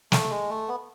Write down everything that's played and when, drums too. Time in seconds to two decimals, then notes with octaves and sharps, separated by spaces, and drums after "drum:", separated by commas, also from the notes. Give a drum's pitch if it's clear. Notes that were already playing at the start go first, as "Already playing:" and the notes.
0.12 A3, drum: snare
0.30 G#3
0.50 A3
0.68 B3